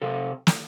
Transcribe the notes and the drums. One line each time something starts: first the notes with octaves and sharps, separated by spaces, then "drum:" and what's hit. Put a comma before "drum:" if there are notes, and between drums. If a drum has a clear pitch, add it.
C3 A4
drum: snare